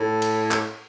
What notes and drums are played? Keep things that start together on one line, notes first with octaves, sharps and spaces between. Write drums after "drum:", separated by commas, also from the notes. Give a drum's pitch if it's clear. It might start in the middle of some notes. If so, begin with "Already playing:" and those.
Already playing: A2
drum: cymbal
drum: clap